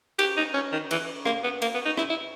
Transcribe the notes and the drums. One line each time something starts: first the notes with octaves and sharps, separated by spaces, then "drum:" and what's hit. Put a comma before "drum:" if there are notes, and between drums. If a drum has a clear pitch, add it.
G4, drum: cymbal
D#4
C#4
D#3
E3, drum: cymbal
A#3, drum: rim click
B3
A#3, drum: cymbal
B3
D#4
E4, drum: rim click
E4